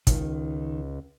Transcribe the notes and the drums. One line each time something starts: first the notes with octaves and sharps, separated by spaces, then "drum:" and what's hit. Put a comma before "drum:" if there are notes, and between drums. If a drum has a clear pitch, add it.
C#2 D#3, drum: kick, hi-hat